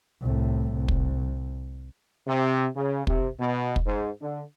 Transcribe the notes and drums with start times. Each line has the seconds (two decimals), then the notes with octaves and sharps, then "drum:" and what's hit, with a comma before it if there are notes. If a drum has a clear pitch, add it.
0.21 C2 A2
0.72 C2
0.88 drum: kick
2.27 C3
2.76 C#3
3.07 C3, drum: kick
3.40 B2
3.76 drum: kick
3.86 G#2
4.22 D3